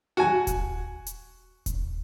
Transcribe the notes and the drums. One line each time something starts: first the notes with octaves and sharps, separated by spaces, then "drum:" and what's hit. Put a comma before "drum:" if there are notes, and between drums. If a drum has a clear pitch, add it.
F#4 G#5
drum: kick D#1, hi-hat
drum: hi-hat
drum: kick D#1, hi-hat